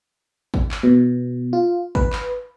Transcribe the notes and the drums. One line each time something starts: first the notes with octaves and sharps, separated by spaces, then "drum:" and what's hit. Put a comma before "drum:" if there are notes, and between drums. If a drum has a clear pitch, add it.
drum: kick G#1
drum: clap
B2
F4
B4, drum: kick G#1
drum: clap